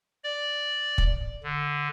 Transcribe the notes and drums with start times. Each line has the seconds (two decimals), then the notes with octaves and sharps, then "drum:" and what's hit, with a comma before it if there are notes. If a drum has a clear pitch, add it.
0.24 D5
0.98 drum: kick
1.44 D3